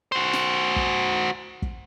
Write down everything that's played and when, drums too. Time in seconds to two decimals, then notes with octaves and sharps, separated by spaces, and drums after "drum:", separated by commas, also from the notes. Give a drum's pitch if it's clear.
0.12 F#4 C5
0.33 drum: snare
0.76 drum: kick
1.62 drum: kick